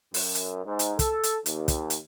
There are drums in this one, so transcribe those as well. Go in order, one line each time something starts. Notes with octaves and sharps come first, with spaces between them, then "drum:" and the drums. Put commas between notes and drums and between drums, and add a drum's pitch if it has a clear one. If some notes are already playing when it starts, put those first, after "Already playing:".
F#2, drum: open hi-hat
drum: hi-hat
G#2
drum: hi-hat
A4, drum: kick, hi-hat
drum: hi-hat
D#2, drum: hi-hat
drum: kick, hi-hat
drum: hi-hat